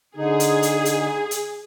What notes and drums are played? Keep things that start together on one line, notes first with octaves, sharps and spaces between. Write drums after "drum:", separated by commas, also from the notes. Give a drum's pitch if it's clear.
D3 D#4 G#4
drum: hi-hat
drum: hi-hat
drum: hi-hat
drum: hi-hat